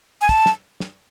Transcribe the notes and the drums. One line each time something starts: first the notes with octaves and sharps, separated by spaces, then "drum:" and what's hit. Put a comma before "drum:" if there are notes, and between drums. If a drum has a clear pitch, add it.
G#5
A5, drum: kick, hi-hat
drum: snare
drum: snare